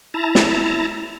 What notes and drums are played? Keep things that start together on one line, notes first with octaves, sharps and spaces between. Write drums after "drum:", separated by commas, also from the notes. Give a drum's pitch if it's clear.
E4 A5 A#5
drum: snare